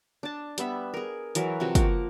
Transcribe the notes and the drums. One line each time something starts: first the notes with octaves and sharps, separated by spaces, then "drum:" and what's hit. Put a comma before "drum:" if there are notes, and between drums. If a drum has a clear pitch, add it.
D4 A5
G3 B3 E5 B5, drum: hi-hat
G#4 A#4
E3 F#3 A#4 B4, drum: hi-hat
C3 F3 F#4 G5
F3 A#3 A#4 F#5, drum: kick, hi-hat